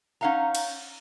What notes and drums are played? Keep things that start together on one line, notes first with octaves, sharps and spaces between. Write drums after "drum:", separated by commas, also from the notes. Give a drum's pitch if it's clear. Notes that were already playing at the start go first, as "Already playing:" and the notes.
C#4 D#4 F5 F#5 A#5
drum: cymbal